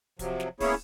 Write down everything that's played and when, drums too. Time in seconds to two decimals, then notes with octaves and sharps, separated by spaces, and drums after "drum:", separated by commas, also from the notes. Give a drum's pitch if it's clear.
0.19 C3 F3 F#3, drum: kick D1, hi-hat
0.40 drum: snare
0.60 A#3 B3 C#4 E4 G#4 C#5, drum: kick D1, open hi-hat